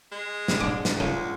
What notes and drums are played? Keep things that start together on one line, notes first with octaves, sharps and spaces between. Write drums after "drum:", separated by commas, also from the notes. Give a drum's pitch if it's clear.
G#3
drum: snare
G#2 D4 D6
drum: snare
C#2 C#3